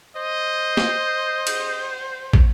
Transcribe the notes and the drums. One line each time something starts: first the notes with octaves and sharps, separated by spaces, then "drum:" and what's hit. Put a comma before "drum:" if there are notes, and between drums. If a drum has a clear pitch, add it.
C5 D#5
drum: snare
drum: cymbal
drum: kick